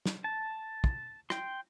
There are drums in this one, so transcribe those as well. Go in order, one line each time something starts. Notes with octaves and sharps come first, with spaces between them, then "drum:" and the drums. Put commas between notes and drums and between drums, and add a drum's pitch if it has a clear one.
drum: snare
A5
drum: kick
G5 C6, drum: rim click